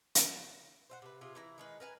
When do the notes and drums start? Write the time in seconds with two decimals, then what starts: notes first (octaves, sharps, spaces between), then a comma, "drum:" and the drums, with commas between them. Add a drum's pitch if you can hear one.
0.15 drum: hi-hat
0.90 C5 E5 F#5
1.02 C3 B4
1.21 C3 F4 G#4
1.35 E3 E4 A#5
1.58 D#3 G#3 B4
1.80 A#4 B4 F5 G#5